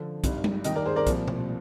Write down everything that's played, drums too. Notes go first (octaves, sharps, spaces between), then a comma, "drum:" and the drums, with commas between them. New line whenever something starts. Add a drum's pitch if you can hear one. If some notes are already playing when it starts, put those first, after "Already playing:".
Already playing: D3 F3
G#1 G2 D#3, drum: kick B1, hi-hat
drum: tom G3
D#2 D#3 D#5 G5, drum: hi-hat
A#4 D5
G#4 C5
A#4 D5
C2 A#2 F3, drum: kick B1, hi-hat
drum: tom B2